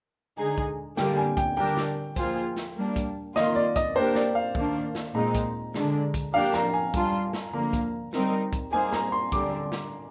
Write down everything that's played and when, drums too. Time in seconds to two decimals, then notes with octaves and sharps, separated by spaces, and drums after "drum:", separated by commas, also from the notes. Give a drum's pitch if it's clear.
0.38 D3 G#3 D#4 G#4
0.58 drum: kick
0.97 D3 G3 A#3 D4 G5, drum: snare
1.17 G#5
1.37 G5, drum: kick, hi-hat
1.57 D3 G3 D4 G4 A#4 G5
1.77 drum: snare
2.16 F3 A#3 F4 G#4 C5, drum: kick, hi-hat
2.56 drum: snare
2.76 G3 A#3 D4
2.96 drum: kick, hi-hat
3.36 D#3 A#3 F4 D#5, drum: snare
3.55 D5
3.76 D#5, drum: kick, hi-hat
3.95 A#3 D4 G4 A#4 C5
4.15 D5, drum: snare
4.35 F5
4.55 D#3 A#3 D4, drum: kick
4.95 drum: snare
5.15 A#2 G#3 C4 D#4 A#5
5.35 drum: kick, hi-hat
5.74 D3 G#3 D4, drum: snare
6.14 drum: kick, hi-hat
6.34 F3 A#3 D4 G4 A#4 F5
6.54 A#5, drum: snare
6.74 G#5
6.94 G3 D4 F4, drum: kick, hi-hat
7.33 drum: snare
7.53 D3 F3 A#3 A#5
7.73 drum: kick, hi-hat
8.13 G3 C4 D#4 A#4, drum: snare
8.53 drum: kick, hi-hat
8.72 G3 A#3 D#4 G#4 C5 G#5
8.92 A#5, drum: snare
9.12 C6
9.32 D3 G3 D4 D6, drum: kick, hi-hat
9.72 drum: snare